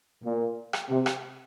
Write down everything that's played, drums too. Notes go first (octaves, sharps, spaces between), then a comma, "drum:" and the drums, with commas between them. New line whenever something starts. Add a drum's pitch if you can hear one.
A#2
drum: rim click
C3
drum: rim click